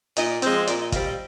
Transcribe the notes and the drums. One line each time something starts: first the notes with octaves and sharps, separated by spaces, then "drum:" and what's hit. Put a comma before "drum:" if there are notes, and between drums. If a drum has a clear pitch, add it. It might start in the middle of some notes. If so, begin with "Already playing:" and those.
A#2 D#5, drum: hi-hat
D5
F3 G#3 C4 C5, drum: hi-hat
A#2 D5, drum: hi-hat
D#5
G3 C4 F5, drum: kick, hi-hat
D#5